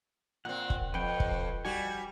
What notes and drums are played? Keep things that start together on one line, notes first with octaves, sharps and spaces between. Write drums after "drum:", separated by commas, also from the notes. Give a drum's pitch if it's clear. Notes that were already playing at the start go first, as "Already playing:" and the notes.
A#2 C4 F#5
drum: kick
F2 B4 G5
drum: kick
G3 F#4 G#5